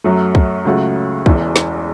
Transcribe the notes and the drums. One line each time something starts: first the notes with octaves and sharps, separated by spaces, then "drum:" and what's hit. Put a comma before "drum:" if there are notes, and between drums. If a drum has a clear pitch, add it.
F#2 F#3 A3
drum: kick
C#2 C#3 F#3 A3 F#4
E1 E2 E3, drum: kick
drum: snare